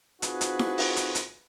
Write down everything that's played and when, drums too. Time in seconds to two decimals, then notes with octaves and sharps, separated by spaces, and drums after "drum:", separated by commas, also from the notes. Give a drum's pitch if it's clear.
0.22 C4 D#4 F4 F#4 G#4 B4, drum: hi-hat
0.41 drum: hi-hat
0.59 drum: snare E4
0.78 drum: open hi-hat
0.96 drum: hi-hat
1.15 drum: hi-hat